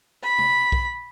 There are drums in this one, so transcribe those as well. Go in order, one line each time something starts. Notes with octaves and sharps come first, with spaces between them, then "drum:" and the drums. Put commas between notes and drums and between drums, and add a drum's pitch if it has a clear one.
B5
drum: tom C3
drum: kick B1